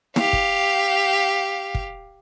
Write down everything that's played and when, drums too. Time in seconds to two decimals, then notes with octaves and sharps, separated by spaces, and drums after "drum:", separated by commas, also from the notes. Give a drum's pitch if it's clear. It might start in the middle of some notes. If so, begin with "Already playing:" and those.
0.16 G4 F5, drum: snare
0.33 drum: kick
1.74 drum: kick